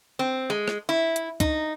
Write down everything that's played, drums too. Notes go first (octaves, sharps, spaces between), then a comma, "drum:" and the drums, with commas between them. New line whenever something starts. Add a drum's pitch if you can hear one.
C4
G#3
drum: rim click
E4
drum: hi-hat
D#4, drum: kick C#2, hi-hat